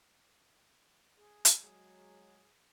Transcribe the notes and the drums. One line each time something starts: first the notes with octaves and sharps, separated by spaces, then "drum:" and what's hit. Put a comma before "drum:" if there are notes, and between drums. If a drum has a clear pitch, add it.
G#4
drum: hi-hat
F#3 G#3 G#4